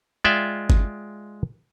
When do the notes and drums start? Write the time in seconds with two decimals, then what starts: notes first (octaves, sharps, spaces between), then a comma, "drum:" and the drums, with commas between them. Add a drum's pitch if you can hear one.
0.24 G#3 F4 D5 E5 G5
0.70 drum: kick G1